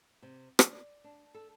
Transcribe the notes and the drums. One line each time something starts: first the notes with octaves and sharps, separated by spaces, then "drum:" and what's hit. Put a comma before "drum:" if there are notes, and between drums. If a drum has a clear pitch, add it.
C3
D5, drum: rim click
D4
A4